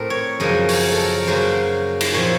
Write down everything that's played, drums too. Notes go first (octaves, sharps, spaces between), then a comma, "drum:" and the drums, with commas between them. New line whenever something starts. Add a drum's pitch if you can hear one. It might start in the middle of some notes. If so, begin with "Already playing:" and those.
Already playing: A2 A3 C4 A#4
C#5
F#2 C#3 F3 A#3 D#5
C#5, drum: open hi-hat
A4
A#4
F#2 C#3 F#3 A#3 C5
drum: cymbal
A#2 F3 C4 C#5